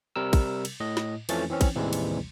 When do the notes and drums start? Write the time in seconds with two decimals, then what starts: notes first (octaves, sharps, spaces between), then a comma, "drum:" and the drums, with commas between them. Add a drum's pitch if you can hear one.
0.16 C3 G3 A#4 E6
0.33 drum: kick, cymbal
0.65 drum: cymbal
0.80 A2 D#5
0.97 drum: snare
1.29 F2 E3 F3 A3 C#4 A6, drum: cymbal
1.50 E3 C4 C#4
1.61 drum: kick, cymbal
1.75 A1 D#2 C3 E3 G3 G#3
1.93 drum: cymbal